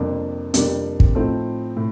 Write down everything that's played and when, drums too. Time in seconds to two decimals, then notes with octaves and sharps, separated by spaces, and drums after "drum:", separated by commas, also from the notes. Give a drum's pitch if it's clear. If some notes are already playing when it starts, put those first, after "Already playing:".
Already playing: F2 C3 G3 A#3 D4
0.54 F2 C3 G3 A#3 D4, drum: hi-hat
1.00 drum: kick
1.15 A2 F3 C4 D#4 A4
1.77 A2